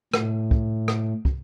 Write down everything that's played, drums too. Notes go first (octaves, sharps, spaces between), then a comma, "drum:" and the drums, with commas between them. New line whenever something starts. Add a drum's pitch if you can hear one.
A2, drum: rim click
drum: kick
drum: rim click
drum: kick